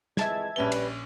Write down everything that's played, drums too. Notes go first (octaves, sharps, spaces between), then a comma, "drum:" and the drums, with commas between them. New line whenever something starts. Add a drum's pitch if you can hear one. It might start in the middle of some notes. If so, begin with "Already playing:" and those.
F2 E3 G#3 E5 A5 G#6, drum: snare
A#1 G3 C#4 B4 G7
drum: cymbal